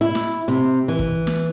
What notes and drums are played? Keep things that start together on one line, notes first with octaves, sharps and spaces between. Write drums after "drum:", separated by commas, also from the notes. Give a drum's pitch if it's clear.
E4
drum: snare
C3
E3
drum: kick
drum: snare